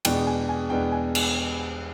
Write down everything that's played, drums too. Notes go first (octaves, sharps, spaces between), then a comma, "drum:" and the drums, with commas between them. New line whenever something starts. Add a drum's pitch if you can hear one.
E2 B2 G#3 B3 D4 G5, drum: cymbal
G#5
G#5
E2 B2 G#3 B3 D4 G5
G#5
drum: cymbal